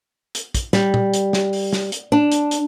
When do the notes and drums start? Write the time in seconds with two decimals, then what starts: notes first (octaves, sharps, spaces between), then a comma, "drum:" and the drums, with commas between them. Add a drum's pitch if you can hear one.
0.35 drum: hi-hat
0.55 drum: kick, hi-hat
0.73 G3, drum: snare
0.94 drum: tom
1.14 drum: hi-hat
1.33 drum: snare
1.53 drum: open hi-hat
1.73 drum: snare
1.92 drum: hi-hat
2.12 D4
2.32 drum: hi-hat
2.51 drum: hi-hat